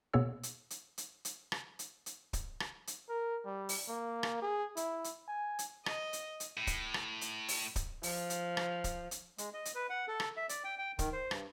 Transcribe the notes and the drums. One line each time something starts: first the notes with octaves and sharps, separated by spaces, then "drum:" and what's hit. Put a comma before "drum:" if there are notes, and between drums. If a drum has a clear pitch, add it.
B2 A#3 B3 G#4 C#5 E6
drum: hi-hat
drum: hi-hat
drum: hi-hat
drum: hi-hat
drum: rim click
drum: hi-hat
drum: hi-hat
drum: kick, hi-hat
drum: rim click
drum: hi-hat
A#4
G3
drum: open hi-hat
A#3
drum: rim click
G#4
E4, drum: hi-hat
drum: hi-hat
G#5
drum: hi-hat
D#5, drum: rim click
drum: hi-hat
drum: hi-hat
A2
drum: kick, hi-hat
drum: rim click
drum: hi-hat
drum: open hi-hat
drum: kick, hi-hat
F3, drum: open hi-hat
drum: hi-hat
drum: rim click
drum: kick, hi-hat
drum: hi-hat
G#3, drum: hi-hat
D#5
drum: hi-hat
B4
F#5
A4
drum: rim click
E5
D5, drum: hi-hat
G5
G5
D#3, drum: kick, hi-hat
C5
G2, drum: rim click